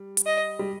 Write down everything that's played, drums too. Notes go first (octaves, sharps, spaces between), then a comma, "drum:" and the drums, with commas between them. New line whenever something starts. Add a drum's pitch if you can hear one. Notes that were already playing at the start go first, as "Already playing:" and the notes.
Already playing: G3
drum: hi-hat
D#5
G3